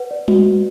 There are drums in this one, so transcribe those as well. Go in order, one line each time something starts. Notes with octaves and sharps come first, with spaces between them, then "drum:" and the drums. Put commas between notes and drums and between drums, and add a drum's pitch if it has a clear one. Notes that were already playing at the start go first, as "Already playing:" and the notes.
Already playing: B4 F#5
D5
F#4, drum: tom G3
F#4